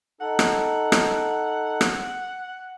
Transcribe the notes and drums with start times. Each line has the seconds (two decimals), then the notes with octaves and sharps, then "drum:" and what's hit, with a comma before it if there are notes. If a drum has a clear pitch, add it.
0.21 D#4 A4 F#5
0.39 drum: rim click
0.92 drum: rim click
1.81 drum: rim click